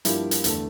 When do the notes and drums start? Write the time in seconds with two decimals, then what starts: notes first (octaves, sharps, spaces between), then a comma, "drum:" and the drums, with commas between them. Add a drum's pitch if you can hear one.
0.05 G2 F3 A#3 E4 G4, drum: hi-hat
0.31 drum: hi-hat
0.44 E2 D3 A3, drum: hi-hat